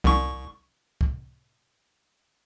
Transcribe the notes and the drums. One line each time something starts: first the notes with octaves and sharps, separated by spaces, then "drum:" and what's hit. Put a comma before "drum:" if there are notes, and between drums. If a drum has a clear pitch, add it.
C2 C#6, drum: tom F3
drum: kick